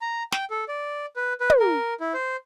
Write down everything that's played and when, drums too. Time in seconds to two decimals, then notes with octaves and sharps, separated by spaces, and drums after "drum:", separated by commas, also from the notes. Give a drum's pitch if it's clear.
0.01 A#5
0.32 G5, drum: snare
0.50 A4
0.68 D5
1.16 B4
1.40 B4
1.50 drum: tom
1.60 A#4
2.00 E4
2.14 C5